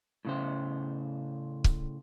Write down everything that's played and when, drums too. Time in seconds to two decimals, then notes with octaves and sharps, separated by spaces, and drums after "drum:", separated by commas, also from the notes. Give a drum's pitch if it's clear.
0.25 A2 C#3 C5
1.64 drum: kick C#1